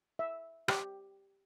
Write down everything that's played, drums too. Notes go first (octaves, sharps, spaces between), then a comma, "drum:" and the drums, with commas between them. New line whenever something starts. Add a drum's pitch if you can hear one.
E5
G4, drum: rim click